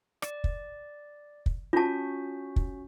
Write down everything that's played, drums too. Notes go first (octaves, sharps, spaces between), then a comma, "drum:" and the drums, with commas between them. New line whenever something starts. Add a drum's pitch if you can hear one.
D5, drum: rim click
drum: kick
drum: kick
C#4 F4 F#4 A5
drum: kick